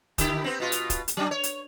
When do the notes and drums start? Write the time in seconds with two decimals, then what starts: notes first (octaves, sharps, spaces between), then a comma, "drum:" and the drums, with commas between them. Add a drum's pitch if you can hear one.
0.18 D3 E4 G4, drum: kick, hi-hat
0.44 B3 C4
0.60 B2 F4
0.72 drum: hi-hat
0.90 drum: kick, hi-hat
1.08 drum: hi-hat
1.17 F#3 D4
1.31 C#5
1.43 drum: hi-hat